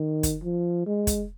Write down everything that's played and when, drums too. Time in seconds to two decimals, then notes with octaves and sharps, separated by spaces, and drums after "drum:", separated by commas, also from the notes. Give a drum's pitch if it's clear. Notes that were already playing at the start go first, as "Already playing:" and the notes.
Already playing: D#3
0.23 drum: kick, hi-hat
0.44 F3
0.86 G#3
1.07 drum: kick, hi-hat